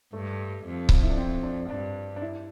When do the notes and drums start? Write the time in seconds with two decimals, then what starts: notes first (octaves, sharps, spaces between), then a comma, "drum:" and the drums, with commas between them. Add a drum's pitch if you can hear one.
0.13 G2 A3
0.66 F2
0.89 drum: kick C#1
1.03 E4
1.10 D4
1.18 C4
1.43 D4
1.70 G2 D4
2.16 D4
2.22 E4